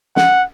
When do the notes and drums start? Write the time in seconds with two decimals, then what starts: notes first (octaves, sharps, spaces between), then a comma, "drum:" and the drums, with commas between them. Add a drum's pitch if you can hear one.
0.16 F#5, drum: snare